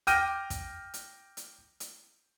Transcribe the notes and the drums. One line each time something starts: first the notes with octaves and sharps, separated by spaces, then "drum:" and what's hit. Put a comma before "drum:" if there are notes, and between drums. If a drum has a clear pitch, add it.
G5 D6 F6 G6 A#6 D#7, drum: hi-hat
drum: kick, hi-hat
drum: hi-hat
drum: hi-hat
drum: hi-hat